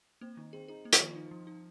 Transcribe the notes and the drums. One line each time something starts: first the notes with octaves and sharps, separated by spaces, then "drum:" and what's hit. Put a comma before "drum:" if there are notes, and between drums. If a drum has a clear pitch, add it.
A#3 C4
D#3 D#4
C4 G#4
D#4 G#4
A#3
F3 F4, drum: hi-hat
D#3
D#4
F3
D#4